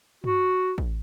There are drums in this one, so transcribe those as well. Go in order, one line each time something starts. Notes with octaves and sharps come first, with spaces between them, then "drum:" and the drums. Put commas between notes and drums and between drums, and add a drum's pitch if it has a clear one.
F#4, drum: tom G2
drum: kick A1